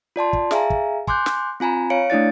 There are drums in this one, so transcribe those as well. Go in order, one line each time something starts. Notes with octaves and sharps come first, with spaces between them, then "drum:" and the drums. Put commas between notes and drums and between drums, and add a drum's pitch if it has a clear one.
F4 D5 A5 C6
drum: kick
G#4 E5 F5 G#5 A#5, drum: snare
drum: kick
G#5 C6 D6 F#6 G6, drum: kick
drum: snare
C4 F4 G#5 A#5 B5
C#5 F5 C#7 D7
A3 D4 E4 D5 A6